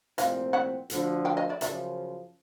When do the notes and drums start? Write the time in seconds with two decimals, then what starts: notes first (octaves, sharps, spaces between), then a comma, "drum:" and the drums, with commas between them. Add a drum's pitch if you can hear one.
0.18 C2 A#2 F3 A3 C4 D#5 F5, drum: hi-hat
0.53 E5 F#5
0.90 D2 D3 F3, drum: hi-hat
1.25 F5 G5
1.37 D#5 F5
1.49 D5 E5
1.61 F#2 C#3 F3 D5 E5, drum: hi-hat